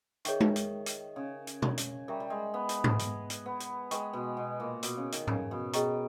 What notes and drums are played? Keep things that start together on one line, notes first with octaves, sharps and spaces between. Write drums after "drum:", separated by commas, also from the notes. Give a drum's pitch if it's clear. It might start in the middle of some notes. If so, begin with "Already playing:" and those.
D#3 G#4 C#5 E5 G5 C#6, drum: hi-hat
drum: tom G#3
drum: hi-hat
drum: hi-hat
C#3
drum: hi-hat
drum: tom B2
drum: hi-hat
G3 A#4 E5 G5 A#5 C#6
G3
G#3
B3
drum: hi-hat
drum: tom G#2
drum: hi-hat
drum: hi-hat
B3
drum: hi-hat
G#3 B4 G5 C#6, drum: hi-hat
B2
B2
A#2
B2, drum: hi-hat
C#3
D#3, drum: hi-hat
C#3, drum: tom G#2
B2
B2 G#4 D#5 G5 A#5 C#6, drum: hi-hat